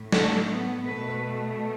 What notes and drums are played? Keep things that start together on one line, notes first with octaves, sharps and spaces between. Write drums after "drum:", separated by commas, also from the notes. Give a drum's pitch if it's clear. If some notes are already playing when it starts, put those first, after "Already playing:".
Already playing: A2
A3, drum: snare
B3
B2 A3 B4